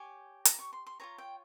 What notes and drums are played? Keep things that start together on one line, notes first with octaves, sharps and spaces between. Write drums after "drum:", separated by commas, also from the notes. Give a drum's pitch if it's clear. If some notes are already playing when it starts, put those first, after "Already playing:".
Already playing: G4 C#5 G#5
A#5, drum: hi-hat
C#6
C6
C6
F4 G#4 C#5 A#5
G5